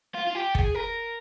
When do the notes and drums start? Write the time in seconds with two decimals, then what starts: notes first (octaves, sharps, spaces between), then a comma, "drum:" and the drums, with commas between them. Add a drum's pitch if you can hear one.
0.15 F4
0.27 F4
0.35 G4
0.55 G#4, drum: kick
0.75 A#4